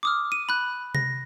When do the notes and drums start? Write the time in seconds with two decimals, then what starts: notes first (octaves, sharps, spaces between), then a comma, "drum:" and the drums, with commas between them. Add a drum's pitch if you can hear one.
0.03 D6 D#6 F6
0.32 D#7
0.49 B5 F#6
0.95 A#6, drum: tom C3